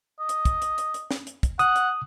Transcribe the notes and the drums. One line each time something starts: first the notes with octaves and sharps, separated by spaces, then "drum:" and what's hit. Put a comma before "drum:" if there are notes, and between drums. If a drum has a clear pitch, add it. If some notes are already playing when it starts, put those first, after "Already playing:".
D#5
drum: hi-hat
drum: kick, hi-hat
drum: hi-hat
drum: hi-hat
drum: hi-hat
drum: snare
drum: hi-hat
drum: kick, hi-hat
F#5 D#6, drum: hi-hat
drum: hi-hat